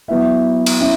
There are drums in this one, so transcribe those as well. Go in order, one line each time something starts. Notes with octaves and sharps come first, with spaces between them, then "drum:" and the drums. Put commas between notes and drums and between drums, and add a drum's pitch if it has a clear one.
F#3 B3 E4 E5
drum: cymbal
C#4 E4 E5